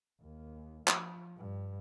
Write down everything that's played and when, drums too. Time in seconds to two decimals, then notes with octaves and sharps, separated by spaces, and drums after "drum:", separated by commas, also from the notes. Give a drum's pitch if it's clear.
0.22 D#2
0.88 F3, drum: clap
1.38 G2